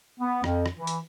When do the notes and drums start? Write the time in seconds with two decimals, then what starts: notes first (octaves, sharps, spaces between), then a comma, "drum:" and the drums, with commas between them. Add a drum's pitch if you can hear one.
0.20 B3
0.44 F2, drum: rim click
0.66 drum: rim click
0.76 E3
0.87 drum: hi-hat